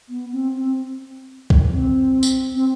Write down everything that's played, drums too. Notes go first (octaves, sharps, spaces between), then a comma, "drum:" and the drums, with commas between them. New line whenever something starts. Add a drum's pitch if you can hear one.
B3
C4
C4
drum: kick B1
C4
drum: tambourine
C4